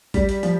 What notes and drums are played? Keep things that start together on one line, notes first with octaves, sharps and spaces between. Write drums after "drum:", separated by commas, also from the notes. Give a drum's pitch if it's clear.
G3, drum: kick, hi-hat
drum: hi-hat
F3, drum: hi-hat